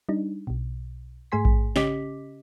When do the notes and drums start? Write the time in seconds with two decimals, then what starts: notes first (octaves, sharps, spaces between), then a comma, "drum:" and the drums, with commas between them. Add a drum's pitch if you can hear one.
0.09 G3 D4 D#4
0.47 B1 B2
1.32 G#2 A3 G#4 G#5 C6 B6
1.45 drum: kick A1
1.76 C#3 C#4 G4 D#5 D6 B6, drum: snare